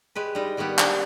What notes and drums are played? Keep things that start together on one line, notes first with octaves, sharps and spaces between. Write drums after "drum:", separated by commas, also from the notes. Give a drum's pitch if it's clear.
G#3 G4 B4
G3 D#4
D#3 G3 A#3 B3 G4
D4, drum: clap